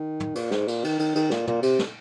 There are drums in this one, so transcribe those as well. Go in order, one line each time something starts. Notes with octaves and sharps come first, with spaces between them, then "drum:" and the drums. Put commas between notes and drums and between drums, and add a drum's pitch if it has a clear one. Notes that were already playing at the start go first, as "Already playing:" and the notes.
Already playing: D#3
drum: tom
A#2, drum: cymbal
G#2, drum: snare
A#2, drum: cymbal
D#3, drum: cymbal
D#3, drum: cymbal
D#3, drum: cymbal
A#2, drum: snare
A#2, drum: tom
C3, drum: cymbal
drum: snare